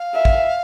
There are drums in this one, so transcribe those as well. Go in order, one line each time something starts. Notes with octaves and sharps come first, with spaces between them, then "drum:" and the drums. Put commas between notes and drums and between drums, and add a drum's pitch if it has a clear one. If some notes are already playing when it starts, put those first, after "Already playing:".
Already playing: F5
E5
drum: kick